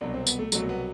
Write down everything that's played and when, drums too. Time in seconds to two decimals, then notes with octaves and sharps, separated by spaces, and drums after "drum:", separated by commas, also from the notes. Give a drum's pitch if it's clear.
0.01 C2 B2 F#3 D4
0.14 C4
0.27 B3, drum: tambourine
0.39 A3
0.52 C2 B2 F#3 A3, drum: tambourine
0.69 B3